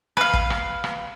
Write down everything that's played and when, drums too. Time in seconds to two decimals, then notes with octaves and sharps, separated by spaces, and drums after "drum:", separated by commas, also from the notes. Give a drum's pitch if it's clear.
0.17 B4 F5, drum: rim click
0.34 drum: kick
0.50 drum: rim click
0.84 drum: rim click